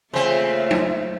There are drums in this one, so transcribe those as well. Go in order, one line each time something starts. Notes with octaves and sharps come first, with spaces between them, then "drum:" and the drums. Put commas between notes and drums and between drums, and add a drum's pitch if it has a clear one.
C#3 A3 A#3 C4 F4 C5 E5
drum: tom